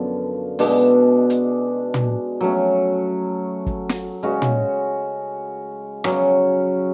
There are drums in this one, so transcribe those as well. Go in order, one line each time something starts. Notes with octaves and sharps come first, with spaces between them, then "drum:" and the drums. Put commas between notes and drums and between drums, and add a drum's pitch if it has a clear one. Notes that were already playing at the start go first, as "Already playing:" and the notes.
Already playing: F#2 D3 F3 B3
B2 G#3 D4, drum: open hi-hat
drum: hi-hat
drum: tom
F#3 A3 C#4
drum: kick
drum: snare
C#3 G#3 C#4 F#4
drum: tom
C#3 F#3 C#4, drum: rim click